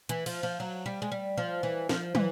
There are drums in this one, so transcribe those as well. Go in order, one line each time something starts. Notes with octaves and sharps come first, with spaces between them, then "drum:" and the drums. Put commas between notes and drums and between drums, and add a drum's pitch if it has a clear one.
E3, drum: hi-hat
F3, drum: cymbal
F3
F#3
G3
G#3
G3
F3
E3
F3, drum: snare
E3, drum: tom